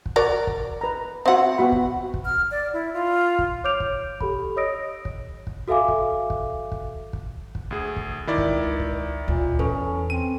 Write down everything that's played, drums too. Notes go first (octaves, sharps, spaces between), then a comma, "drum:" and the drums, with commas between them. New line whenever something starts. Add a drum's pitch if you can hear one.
drum: kick
F#4 A#4 D5
drum: kick
B4 A#5
C4 F#4 E5 F#5
B3 F#4 B5
drum: kick
drum: kick
F6
D5
E4
F4
drum: kick
C#5 D6 F6 G6 D7 F7
drum: kick
G4 A4 B5, drum: kick
C#5 D#5 D#6 E6 A#6 D7
drum: kick
drum: kick
F#4 A4 E5 F5 G#5 D6
drum: kick
drum: kick
drum: kick
drum: kick
drum: kick
D2 G#4
drum: kick
C#2 D#3 E4 D5
drum: kick
drum: kick
D2 A#2
E2 C#4 A4 B4
C4 D#7